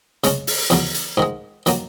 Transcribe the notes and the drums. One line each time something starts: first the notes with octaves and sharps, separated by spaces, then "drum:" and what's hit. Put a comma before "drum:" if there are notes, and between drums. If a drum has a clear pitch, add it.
C#3 G#3 C#4, drum: hi-hat
drum: open hi-hat
E2 C#3 F#3, drum: hi-hat
drum: hi-hat
G#2 D#3 G#3
D#3 F#3 A#3, drum: hi-hat